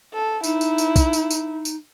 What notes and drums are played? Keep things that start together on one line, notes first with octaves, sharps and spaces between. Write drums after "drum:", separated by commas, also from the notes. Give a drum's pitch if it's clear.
A4
D#4 E4, drum: tambourine
drum: tambourine
drum: tambourine
drum: kick, tambourine
drum: tambourine
drum: tambourine
drum: tambourine